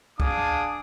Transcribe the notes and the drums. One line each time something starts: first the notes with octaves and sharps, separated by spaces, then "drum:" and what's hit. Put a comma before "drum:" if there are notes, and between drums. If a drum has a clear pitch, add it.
D4 G#4 F5 A5 D6 D#6, drum: kick